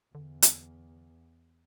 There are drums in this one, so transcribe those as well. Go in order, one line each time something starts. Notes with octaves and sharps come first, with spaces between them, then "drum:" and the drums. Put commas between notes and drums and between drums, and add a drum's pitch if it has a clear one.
E2 D3
drum: hi-hat